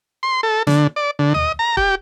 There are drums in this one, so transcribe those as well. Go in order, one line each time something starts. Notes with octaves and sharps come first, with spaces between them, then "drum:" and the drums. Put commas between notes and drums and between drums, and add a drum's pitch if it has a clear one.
C6
A4
D3, drum: snare
D5
D3
D#5, drum: tom
A#5
G4, drum: kick